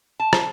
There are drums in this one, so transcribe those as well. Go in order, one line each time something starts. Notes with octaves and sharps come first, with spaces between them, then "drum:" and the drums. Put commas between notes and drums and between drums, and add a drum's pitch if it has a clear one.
A5
drum: rim click